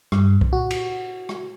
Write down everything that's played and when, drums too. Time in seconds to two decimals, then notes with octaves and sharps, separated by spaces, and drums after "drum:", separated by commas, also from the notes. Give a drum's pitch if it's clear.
0.12 G2, drum: rim click
0.41 drum: kick
0.53 F#4
0.71 drum: cymbal
1.29 drum: rim click